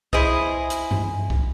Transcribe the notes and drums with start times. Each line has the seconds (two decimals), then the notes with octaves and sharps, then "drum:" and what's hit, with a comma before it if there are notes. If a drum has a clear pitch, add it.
0.13 E4 G#4 C5 D#5, drum: kick C2
0.70 drum: hi-hat
0.91 drum: tom G2
1.30 drum: kick C2